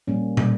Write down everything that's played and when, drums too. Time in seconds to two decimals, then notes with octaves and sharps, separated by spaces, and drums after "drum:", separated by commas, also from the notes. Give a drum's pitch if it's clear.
0.07 A#2 G3 A#3 C#4
0.37 A#2 G3 A#3, drum: tom